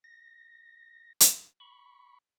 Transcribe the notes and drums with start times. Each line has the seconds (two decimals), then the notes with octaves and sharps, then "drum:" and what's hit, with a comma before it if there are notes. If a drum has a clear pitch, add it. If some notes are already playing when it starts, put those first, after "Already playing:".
0.04 A#6
1.20 drum: hi-hat
1.60 B5 C#6